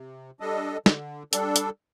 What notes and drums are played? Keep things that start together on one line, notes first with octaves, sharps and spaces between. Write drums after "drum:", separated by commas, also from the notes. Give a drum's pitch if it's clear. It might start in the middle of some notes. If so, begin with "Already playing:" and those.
Already playing: C3
G3 D4 A4 D#5
D3, drum: snare
G3 D4 A4, drum: hi-hat
drum: hi-hat